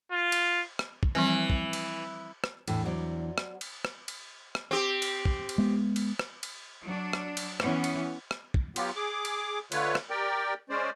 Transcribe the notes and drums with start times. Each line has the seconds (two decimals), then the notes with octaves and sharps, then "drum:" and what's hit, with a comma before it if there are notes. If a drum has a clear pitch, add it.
0.12 F4
0.32 drum: cymbal
0.79 drum: rim click
1.03 drum: kick
1.15 E3 F3 G3 C4
1.50 drum: kick
1.73 drum: cymbal
2.44 drum: rim click
2.68 E2 A2 E3 D4, drum: cymbal
2.85 F#3 C5 D5
3.38 drum: rim click
3.61 drum: cymbal
3.85 drum: rim click
4.08 drum: cymbal
4.55 drum: rim click
4.71 C4 G4
5.02 drum: cymbal
5.25 drum: kick
5.49 drum: cymbal
5.58 G#3 B3
5.96 drum: cymbal
6.19 drum: rim click
6.43 drum: cymbal
6.83 F#3 D4
7.13 drum: rim click
7.37 drum: cymbal
7.60 E3 B3 C#4, drum: rim click
7.84 drum: cymbal
8.31 drum: rim click
8.54 drum: kick
8.76 F#3 B3 F4 G4, drum: cymbal
8.96 G#4 D6
9.25 drum: cymbal
9.72 D3 A3 F4 B4 C#5, drum: cymbal
9.95 drum: rim click
10.10 G4 A#4 D5 G5
10.70 G#3 C#4 C5 D5